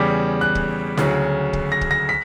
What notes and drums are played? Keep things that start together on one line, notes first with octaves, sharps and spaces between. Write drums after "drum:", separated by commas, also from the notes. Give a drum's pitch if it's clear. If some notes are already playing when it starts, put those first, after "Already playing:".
Already playing: E2 C#3 G3 D6
F#6
drum: kick
D2 C#3 F#3, drum: snare E4
drum: kick
A#6
drum: kick
A#6
B6